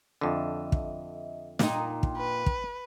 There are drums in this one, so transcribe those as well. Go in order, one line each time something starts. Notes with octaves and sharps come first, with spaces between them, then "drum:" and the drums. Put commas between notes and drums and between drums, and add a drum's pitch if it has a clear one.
F2 D3 D#5 E5
drum: kick
A#2 D4 D#4 G5 C6, drum: snare
drum: kick
B4
drum: kick